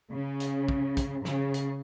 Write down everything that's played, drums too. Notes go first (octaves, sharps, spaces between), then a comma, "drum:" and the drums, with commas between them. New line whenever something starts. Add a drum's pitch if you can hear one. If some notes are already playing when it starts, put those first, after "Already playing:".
C#3
drum: hi-hat
drum: kick
drum: kick, hi-hat
C#3, drum: snare
drum: hi-hat